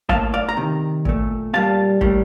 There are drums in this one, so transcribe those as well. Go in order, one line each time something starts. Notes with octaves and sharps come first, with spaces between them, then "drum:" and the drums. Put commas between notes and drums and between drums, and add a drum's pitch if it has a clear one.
A2 F3 A#3 F5 A5, drum: kick G1
D5 F5
A#5
C3 D#3
A#2 A3, drum: kick G1
A#2 G3 A#3 F5 A5
A2 G3 A#3, drum: kick G1